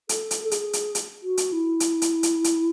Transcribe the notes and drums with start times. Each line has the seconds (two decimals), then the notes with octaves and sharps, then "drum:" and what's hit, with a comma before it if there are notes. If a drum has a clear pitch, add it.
0.09 A4, drum: hi-hat
0.31 drum: hi-hat
0.44 A4
0.51 G#4, drum: hi-hat
0.73 drum: hi-hat
0.95 drum: hi-hat
1.23 F#4
1.37 drum: hi-hat
1.52 E4
1.80 drum: hi-hat
2.02 drum: hi-hat
2.23 drum: hi-hat
2.44 drum: hi-hat